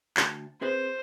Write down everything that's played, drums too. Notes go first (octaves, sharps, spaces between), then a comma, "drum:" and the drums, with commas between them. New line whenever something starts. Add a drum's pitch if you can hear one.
D2 A5, drum: clap
C4 G#4 B4 C5